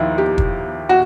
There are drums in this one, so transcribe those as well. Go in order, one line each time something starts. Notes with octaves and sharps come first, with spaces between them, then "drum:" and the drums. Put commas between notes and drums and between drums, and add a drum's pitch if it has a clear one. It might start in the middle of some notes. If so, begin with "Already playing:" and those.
Already playing: D#2 F3 D#4 E4
G4
drum: kick
F#4